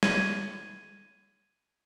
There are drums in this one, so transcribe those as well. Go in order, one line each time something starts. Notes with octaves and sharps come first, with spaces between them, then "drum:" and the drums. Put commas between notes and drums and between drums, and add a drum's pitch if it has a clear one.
G#6 D#7, drum: snare